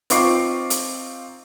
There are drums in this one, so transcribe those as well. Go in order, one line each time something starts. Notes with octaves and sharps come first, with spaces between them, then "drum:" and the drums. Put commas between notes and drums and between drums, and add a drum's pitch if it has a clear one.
C4 D#4 F4 C#6 D6 C7, drum: hi-hat
drum: hi-hat